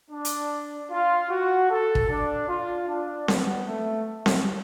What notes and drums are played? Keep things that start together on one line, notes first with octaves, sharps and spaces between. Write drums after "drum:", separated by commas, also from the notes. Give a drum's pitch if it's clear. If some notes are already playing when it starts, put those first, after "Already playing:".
D4
drum: hi-hat
F4
F#4
A4
drum: kick
D4
F4
D4
B3, drum: snare C4
A3
drum: snare C4